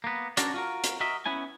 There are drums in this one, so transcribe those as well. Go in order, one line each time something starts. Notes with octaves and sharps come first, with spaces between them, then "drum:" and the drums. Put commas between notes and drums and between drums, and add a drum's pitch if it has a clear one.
A#3 B3
C#4 D4 F#4 A#4 C#5 D5, drum: hi-hat
F4 F#4 A#4
drum: hi-hat
F#4 A#4 D#5 E5
B3 C#4 E4 G#5